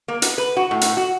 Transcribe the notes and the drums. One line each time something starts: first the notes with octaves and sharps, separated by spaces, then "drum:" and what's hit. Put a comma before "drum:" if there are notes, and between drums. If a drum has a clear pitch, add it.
A#3
B3, drum: hi-hat
B4
F#4
A2
drum: hi-hat
F#4